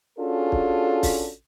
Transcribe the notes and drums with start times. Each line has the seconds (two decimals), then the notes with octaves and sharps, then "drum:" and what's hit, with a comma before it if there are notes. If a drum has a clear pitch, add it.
0.18 C#4 D4 F4 F#4 G#4 A4
0.52 drum: kick
1.03 drum: kick, open hi-hat